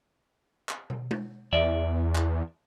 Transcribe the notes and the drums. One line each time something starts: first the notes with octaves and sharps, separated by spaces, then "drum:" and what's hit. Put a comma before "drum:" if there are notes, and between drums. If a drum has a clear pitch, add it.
drum: clap
drum: tom
drum: tom G#3
E2 D5 E5
drum: clap